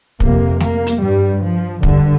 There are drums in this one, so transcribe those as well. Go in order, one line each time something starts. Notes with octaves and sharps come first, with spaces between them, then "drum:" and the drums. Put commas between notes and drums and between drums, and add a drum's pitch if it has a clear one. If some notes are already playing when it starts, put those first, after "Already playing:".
F2 C3 A#3, drum: kick
A#3, drum: snare A3
drum: hi-hat
G2 G3
F3
G2 D3, drum: kick